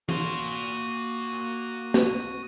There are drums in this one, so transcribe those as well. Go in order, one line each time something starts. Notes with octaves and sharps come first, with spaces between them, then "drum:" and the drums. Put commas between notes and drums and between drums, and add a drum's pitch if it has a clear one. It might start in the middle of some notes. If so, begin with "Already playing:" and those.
A#3 F#4 C6 D#6, drum: tom E3
drum: snare